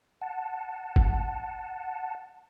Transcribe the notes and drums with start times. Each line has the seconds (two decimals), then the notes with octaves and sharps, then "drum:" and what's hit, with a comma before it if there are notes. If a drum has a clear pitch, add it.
0.21 F#5 A5
0.96 drum: kick